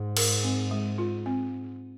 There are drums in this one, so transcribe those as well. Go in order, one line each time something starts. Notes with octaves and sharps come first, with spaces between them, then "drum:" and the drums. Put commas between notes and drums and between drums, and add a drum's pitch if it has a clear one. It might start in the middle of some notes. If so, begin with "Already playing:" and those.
Already playing: G#2
A#4, drum: cymbal
C4
G#3
F4
C4